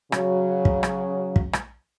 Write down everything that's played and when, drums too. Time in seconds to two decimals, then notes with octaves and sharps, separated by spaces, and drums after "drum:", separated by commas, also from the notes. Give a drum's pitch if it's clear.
0.12 C#3 F#3, drum: rim click
0.65 drum: kick
0.83 drum: rim click
1.36 drum: kick
1.53 drum: rim click